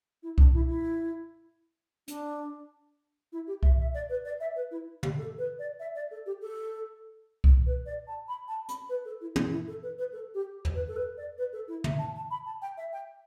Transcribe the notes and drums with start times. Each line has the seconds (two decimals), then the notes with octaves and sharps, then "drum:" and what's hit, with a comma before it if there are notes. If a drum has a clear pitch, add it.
0.23 E4
0.38 D4, drum: kick C2
0.54 E4
0.69 E4
2.08 D4, drum: hi-hat
3.32 E4
3.47 G4
3.63 E5, drum: kick C2
3.79 E5
3.94 D5
4.09 B4
4.25 D5
4.40 E5
4.56 B4
4.71 E4
5.03 G4, drum: tom
5.18 A4
5.38 B4
5.59 D5
5.80 E5
5.96 D5
6.11 A4
6.26 G4
6.42 A4
7.44 drum: kick C2
7.66 B4
7.86 D5
8.08 A5
8.28 B5
8.48 A5
8.69 B5, drum: hi-hat
8.89 B4
9.05 A4
9.21 E4
9.36 E4, drum: tom
9.51 E4
9.68 A4
9.83 B4
9.99 B4
10.13 A4
10.34 G4
10.65 drum: tom
10.75 B4
10.88 A4
10.96 B4
11.17 D5
11.38 B4
11.53 A4
11.68 E4
11.84 E5, drum: tom
11.99 A5
12.16 A5
12.31 B5
12.46 A5
12.62 G5
12.77 E5
12.93 G5